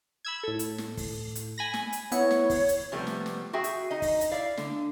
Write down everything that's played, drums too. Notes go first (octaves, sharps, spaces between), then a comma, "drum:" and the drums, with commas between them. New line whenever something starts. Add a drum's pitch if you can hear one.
B5 E6 G#6
A2 A4
drum: hi-hat
drum: snare
drum: kick, open hi-hat
drum: hi-hat
G#5 B5 A#6
drum: snare
drum: hi-hat
B3 E4 C#5 C#7, drum: hi-hat
drum: snare
drum: kick, open hi-hat
drum: hi-hat
C3 F3 G3 A3 B3
drum: snare
drum: snare
F#4 G#4 E5 G5
drum: hi-hat
D#4 D#5
drum: kick, open hi-hat
drum: hi-hat
E4 D5 F5
D3, drum: snare